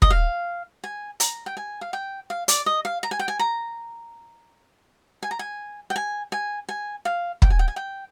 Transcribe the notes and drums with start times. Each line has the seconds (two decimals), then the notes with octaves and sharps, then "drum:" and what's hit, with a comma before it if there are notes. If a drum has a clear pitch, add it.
0.02 D#5, drum: kick
0.10 F5
0.84 G#5
1.20 A#5, drum: hi-hat
1.46 G5
1.57 G#5
1.81 F5
1.93 G5
2.30 F5
2.48 D5, drum: hi-hat
2.66 D#5
2.85 F5
3.03 A#5
3.11 G#5
3.19 G5
3.28 G#5
3.39 A#5
5.23 G#5
5.31 A#5
5.39 G#5
5.90 G5
5.96 G#5
6.32 G#5
6.69 G#5
7.05 F5
7.42 G5, drum: kick
7.50 G#5
7.59 G5
7.68 G#5
7.76 G5